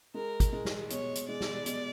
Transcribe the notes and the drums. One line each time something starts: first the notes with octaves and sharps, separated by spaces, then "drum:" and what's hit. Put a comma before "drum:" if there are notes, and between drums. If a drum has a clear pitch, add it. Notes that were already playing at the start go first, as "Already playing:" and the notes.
G#3 A#4
drum: kick, hi-hat
G#3
drum: snare
B2 C#5, drum: hi-hat
drum: hi-hat
G#3 D5
drum: snare
B2, drum: hi-hat